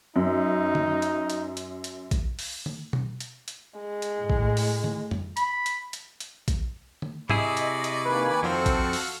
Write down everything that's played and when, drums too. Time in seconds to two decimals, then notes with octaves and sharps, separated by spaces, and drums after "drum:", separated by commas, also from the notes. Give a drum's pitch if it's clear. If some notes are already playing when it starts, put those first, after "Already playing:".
0.16 F#2 D#4
0.75 drum: tom D3
1.02 drum: hi-hat
1.30 drum: hi-hat
1.57 drum: hi-hat
1.84 drum: hi-hat
2.11 drum: kick A#1, hi-hat
2.39 drum: open hi-hat
2.66 drum: tom D3
2.93 drum: tom B2
3.20 drum: hi-hat
3.48 drum: hi-hat
3.80 G#3
4.02 drum: hi-hat
4.18 A2
4.30 drum: kick A#1
4.57 drum: open hi-hat
4.84 drum: tom D3
5.11 drum: tom
5.37 B5, drum: hi-hat
5.66 drum: hi-hat
5.93 drum: hi-hat
6.20 drum: hi-hat
6.48 drum: kick A#1, hi-hat
7.02 drum: tom D3
7.30 C3 E4 G#4 D5 D#5 B5 C#6, drum: tom G#2
7.57 drum: hi-hat
7.84 drum: hi-hat
8.05 D#3 A#3 B4 G#5
8.43 F2 F3 C4 F#4 A4 F5 C#7
8.66 drum: kick A#1, hi-hat
8.93 drum: open hi-hat